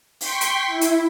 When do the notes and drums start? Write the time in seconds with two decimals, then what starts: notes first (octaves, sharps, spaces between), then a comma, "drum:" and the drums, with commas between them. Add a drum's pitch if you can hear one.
0.21 G5 C6 C#6 B6, drum: open hi-hat
0.41 drum: hi-hat
0.67 E4
0.81 drum: hi-hat